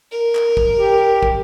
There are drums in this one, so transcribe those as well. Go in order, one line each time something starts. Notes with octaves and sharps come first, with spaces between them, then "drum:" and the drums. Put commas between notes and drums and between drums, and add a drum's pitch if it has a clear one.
A#4
drum: clap
drum: kick
G4
drum: kick